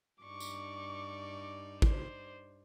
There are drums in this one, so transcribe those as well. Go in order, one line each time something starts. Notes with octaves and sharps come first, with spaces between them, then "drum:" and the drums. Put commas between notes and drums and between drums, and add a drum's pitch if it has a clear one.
G2 D#4 D5 C#6 D6
drum: tambourine
C5, drum: kick G#1